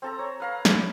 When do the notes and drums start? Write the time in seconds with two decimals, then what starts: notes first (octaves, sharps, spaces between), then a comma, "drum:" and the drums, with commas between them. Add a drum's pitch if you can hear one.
0.02 C4 A4 A#5
0.19 C#5
0.40 B4 F5 A#5
0.65 drum: snare